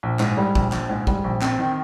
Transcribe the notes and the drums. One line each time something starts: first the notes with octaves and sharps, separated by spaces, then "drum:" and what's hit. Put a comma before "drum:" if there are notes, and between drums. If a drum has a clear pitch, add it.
A#1
G#2, drum: clap
G3
A#1, drum: kick
A#1, drum: clap
G#2
G3, drum: kick
A#1
C4, drum: clap
D#3